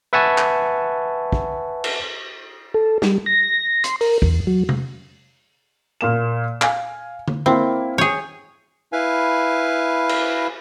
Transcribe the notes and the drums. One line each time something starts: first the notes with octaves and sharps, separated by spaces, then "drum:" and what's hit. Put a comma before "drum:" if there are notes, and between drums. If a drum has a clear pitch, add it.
B4 E5 F#5 G#5 A5 C#6
drum: clap
drum: kick
drum: cymbal
A4
G3, drum: snare
A#6
C6, drum: hi-hat
A#4, drum: open hi-hat
E2, drum: kick
F#3
drum: tom C3
A#2 A#3 E7
F5 G#5, drum: clap
drum: tom D3
A#3 C4 E4
G#4 C#5 G6
E4 B4 F5 G#5
drum: cymbal